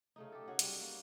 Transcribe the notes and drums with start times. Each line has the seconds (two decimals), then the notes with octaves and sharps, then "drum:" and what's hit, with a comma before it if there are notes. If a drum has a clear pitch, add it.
0.16 C#3 A3 D#4
0.32 G4 A4
0.48 C#4 F#4 G#4
0.59 G3 F#5, drum: hi-hat
0.81 A#3